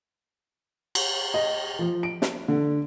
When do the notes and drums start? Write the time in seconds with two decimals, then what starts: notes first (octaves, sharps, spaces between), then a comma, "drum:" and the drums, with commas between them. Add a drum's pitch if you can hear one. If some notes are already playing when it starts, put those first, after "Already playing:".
0.95 drum: cymbal
1.34 D#5
1.79 F3
2.03 D7
2.22 drum: snare
2.48 D3